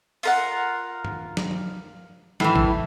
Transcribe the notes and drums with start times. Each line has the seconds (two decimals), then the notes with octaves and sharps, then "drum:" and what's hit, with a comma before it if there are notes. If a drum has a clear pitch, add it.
0.23 F4 A#4 F#5, drum: open hi-hat
1.05 drum: tom G2
1.37 drum: snare
1.51 drum: tom F3
2.40 A2 E3, drum: snare
2.56 drum: kick